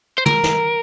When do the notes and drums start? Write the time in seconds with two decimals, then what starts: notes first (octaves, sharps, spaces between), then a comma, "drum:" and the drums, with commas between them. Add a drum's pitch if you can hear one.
0.18 C5
0.26 A#4, drum: tom
0.44 drum: snare